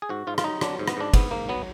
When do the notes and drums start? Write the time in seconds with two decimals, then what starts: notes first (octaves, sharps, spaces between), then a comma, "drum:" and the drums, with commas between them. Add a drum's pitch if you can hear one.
0.02 G#4
0.09 G#2 F#4
0.27 G#2 F4
0.38 F4, drum: rim click
0.44 F#3 D#4
0.61 F#3 D4, drum: rim click
0.79 G#2
0.88 B3, drum: rim click
0.97 G#2 D4
1.14 G#2 B3, drum: kick, cymbal
1.31 G#2 A#3
1.49 F#3 B3